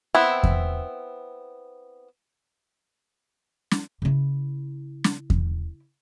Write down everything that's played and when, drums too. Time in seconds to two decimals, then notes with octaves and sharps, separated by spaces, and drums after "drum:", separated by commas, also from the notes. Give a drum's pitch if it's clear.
0.15 B3 C4 E4
0.43 drum: kick E2
3.71 drum: snare
4.02 C#3 E4
5.04 drum: snare
5.30 drum: kick E2